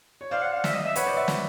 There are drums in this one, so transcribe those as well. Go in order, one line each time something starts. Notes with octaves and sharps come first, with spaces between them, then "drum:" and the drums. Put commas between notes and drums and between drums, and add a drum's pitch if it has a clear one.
C#5
C5 D5 F5
F#5
F5
E5, drum: snare
D#5
E5
B4 C#5 F#5, drum: hi-hat
C5 D5
D5 E5
drum: snare